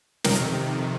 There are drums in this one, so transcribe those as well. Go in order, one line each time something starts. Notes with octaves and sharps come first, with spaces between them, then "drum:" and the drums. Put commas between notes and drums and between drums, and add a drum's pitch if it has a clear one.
F2 C3 D#3 A#4, drum: snare